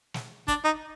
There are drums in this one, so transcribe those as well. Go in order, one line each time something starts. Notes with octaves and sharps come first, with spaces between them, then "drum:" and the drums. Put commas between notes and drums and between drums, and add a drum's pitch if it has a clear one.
drum: snare
D4, drum: kick, hi-hat
D#4